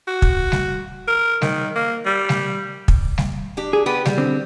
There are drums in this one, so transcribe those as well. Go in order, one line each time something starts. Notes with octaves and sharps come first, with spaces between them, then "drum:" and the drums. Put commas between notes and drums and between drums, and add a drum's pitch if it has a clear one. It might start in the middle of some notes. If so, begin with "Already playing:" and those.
F#4
drum: kick
drum: snare G3
A#4
D#3, drum: snare G3
A#3
G3
drum: snare G3
drum: kick
drum: snare G3
D4 G4
G#4
B3 G4 B4
G3, drum: snare G3
D3 C4